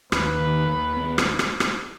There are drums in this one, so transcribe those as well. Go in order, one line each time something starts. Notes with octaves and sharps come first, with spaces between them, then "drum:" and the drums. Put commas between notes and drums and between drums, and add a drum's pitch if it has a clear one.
D#2 B4, drum: rim click
D#3
D#2
B3
drum: rim click
drum: rim click
drum: rim click